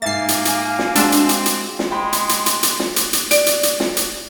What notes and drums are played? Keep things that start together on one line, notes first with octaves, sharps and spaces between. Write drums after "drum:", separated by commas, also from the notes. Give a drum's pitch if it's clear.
G#2 A#3 E5 F5 G#5 D6 A6 C7
drum: hi-hat
drum: hi-hat
drum: snare
G#3 C4 D4 F#4 E6, drum: hi-hat
drum: hi-hat
drum: hi-hat
drum: hi-hat
drum: snare
G#3 G5 B5 C6
drum: hi-hat
drum: hi-hat
drum: hi-hat
drum: hi-hat
drum: snare
drum: hi-hat
drum: hi-hat
D5, drum: hi-hat
drum: hi-hat
drum: hi-hat
drum: snare
drum: hi-hat